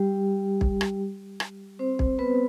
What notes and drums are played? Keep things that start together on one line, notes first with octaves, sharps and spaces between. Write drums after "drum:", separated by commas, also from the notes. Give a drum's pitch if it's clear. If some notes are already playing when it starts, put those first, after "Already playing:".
Already playing: G3 G4
drum: kick
drum: rim click
drum: rim click
C4 C5
drum: kick
B3 B4